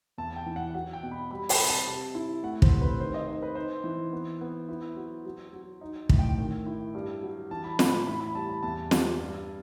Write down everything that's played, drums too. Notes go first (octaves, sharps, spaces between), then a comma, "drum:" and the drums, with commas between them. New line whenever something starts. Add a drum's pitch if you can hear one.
E2 A5
G5
E3
F#5
F#3 F#5
G5
B2
B5
G3 B5
B5, drum: open hi-hat
C3
A5
C3
E4
A3 F#5
C5, drum: kick
C3
B4
D#3 C5
D#5
D#4 C5
B4
D#4 C5
E3
B3
B3
E4
F#3
F#3
F#3
D#4
A2, drum: kick
G5
D#3
E4
G2
F#3
E3 A5
B5
A2 B5, drum: snare
E4 B5
B5
G3 A5
B5
E2 A5
G3, drum: snare
G2